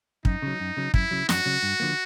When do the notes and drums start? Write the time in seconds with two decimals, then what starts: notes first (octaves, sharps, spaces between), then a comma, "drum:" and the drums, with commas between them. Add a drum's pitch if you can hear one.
0.25 F#2 D#4, drum: kick
0.42 C#3 F#3
0.60 F#2
0.77 C#3 F#3
0.94 F#2 E4, drum: kick
1.11 C#3 F#3
1.29 F#2 F#4, drum: snare
1.46 C#3 F#3
1.63 G2
1.80 D3 F3 A#3